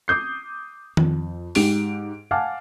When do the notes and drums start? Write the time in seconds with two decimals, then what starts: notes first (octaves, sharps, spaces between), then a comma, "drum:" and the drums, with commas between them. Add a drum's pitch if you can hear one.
0.08 D6 D#6 G6 C7
0.97 F2, drum: tom D#3
1.55 G#2 G4 D7 F7, drum: open hi-hat
2.31 F5 F#5 G#5 A5 D6 F6